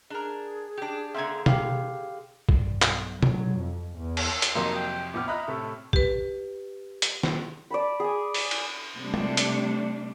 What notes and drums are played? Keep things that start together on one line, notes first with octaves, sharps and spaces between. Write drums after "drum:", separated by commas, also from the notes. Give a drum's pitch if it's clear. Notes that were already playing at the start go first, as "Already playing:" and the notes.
D4 G#4 A#4
D4 G4
D3 A#3 C4 E5 G#6
G4 F5, drum: tom
G2, drum: kick
B1, drum: clap
F#3, drum: tom
F2
E2
drum: cymbal
drum: hi-hat
F2 C3 F#3 A#3 D#4 C6
G5
A#1 B3 G4 F6
D#5 E5 A#5 B5 F#6
A2 C3 A3 A4
G4 B4, drum: kick
drum: hi-hat
drum: snare
D5 A5 B5
G#4 G#5
drum: open hi-hat
drum: cymbal
C3 G3 A3 D4
drum: tom
drum: hi-hat